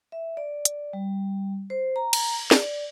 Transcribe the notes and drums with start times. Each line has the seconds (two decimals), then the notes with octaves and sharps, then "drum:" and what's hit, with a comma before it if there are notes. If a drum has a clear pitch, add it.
0.12 E5
0.37 D5
0.65 drum: hi-hat
0.93 G3
1.70 C5
1.96 A#5
2.13 drum: cymbal
2.51 D5, drum: snare